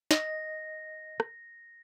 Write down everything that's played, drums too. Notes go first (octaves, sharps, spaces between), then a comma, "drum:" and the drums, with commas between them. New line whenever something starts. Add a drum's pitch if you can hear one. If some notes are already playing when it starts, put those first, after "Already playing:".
D#5 A#6, drum: snare
drum: rim click